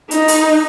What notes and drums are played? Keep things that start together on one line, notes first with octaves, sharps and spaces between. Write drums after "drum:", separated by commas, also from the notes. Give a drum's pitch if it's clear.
D#4, drum: hi-hat
drum: open hi-hat